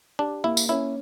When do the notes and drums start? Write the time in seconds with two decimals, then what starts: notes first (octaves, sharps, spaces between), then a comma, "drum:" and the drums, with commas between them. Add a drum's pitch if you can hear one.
0.19 D4 G4
0.44 A#3 E4
0.57 drum: tambourine
0.69 C#4 E4